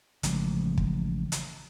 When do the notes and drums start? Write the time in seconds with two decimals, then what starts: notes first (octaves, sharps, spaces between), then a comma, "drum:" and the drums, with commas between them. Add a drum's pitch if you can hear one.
0.23 A1 C#3 F3 G#3, drum: hi-hat
0.78 drum: kick
1.32 drum: hi-hat